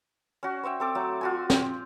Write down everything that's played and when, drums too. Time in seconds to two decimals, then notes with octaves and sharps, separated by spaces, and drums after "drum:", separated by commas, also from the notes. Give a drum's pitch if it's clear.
0.43 C#4 F#4
0.63 C5 C#5 E5 G5
0.80 C4 A4 D6
0.95 F#3 A3 D6
1.21 F4 F#4 G#5
1.50 G5, drum: snare